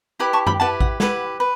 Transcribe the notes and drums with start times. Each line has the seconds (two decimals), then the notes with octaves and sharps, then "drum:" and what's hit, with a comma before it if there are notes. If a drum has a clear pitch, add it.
0.20 E4 G4 B4 B5 D6
0.33 A5 C#6
0.47 G5 B5, drum: tom F#2
0.60 E4 G4 B4 F#5 A5
0.80 F#5, drum: kick A1
1.00 E4 G4 B4 F#5, drum: snare
1.40 B4